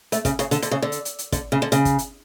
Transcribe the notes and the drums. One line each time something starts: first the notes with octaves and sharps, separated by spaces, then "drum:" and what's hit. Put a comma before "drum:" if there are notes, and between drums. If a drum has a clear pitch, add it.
A3, drum: hi-hat
C#3, drum: kick, hi-hat
C#3, drum: hi-hat
D3, drum: hi-hat
D3, drum: hi-hat
C#3
D3
drum: hi-hat
drum: hi-hat
drum: hi-hat
D3, drum: kick, hi-hat
C#3
D3
C#3, drum: hi-hat
drum: kick, hi-hat
drum: hi-hat